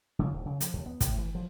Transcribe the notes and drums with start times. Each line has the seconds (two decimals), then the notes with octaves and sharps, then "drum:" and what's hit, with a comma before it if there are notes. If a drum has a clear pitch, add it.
0.19 C#3
0.33 D1
0.45 C#3
0.61 F3, drum: hi-hat
0.73 D#2
0.86 B3
1.01 A2, drum: kick, hi-hat
1.18 E3
1.35 F3